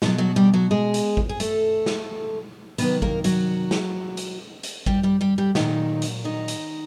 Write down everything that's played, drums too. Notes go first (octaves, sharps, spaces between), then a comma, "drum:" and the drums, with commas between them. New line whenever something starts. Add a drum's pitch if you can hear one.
B2 F3 F#3 F4, drum: snare
F#3 F#4
G3 G4
F#3 F#4
G#3 G#4
drum: hi-hat
drum: kick G#1
G#4
A3 A4, drum: hi-hat
drum: snare
C3 D#3 F#3 B3 B4, drum: hi-hat
A#3 A#4, drum: kick G#1
F#3 F#4, drum: hi-hat
drum: snare
drum: hi-hat
drum: hi-hat
G3 G4, drum: kick G#1
G3 G4
G3 G4
G3 G4
A#2 D#3 F#3 D#4, drum: snare
drum: hi-hat
D#3 D#4
drum: hi-hat